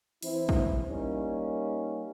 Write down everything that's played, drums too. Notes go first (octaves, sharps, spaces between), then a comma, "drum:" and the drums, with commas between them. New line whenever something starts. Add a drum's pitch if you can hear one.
E3 C4 E4, drum: open hi-hat
drum: kick
G3 A#3 C#4 D#4